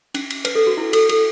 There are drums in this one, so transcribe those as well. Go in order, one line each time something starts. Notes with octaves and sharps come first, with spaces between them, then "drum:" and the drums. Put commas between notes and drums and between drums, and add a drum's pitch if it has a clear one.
C#4, drum: cymbal
drum: cymbal
B4, drum: cymbal
A4
F#4
E4
A4, drum: cymbal
A4, drum: cymbal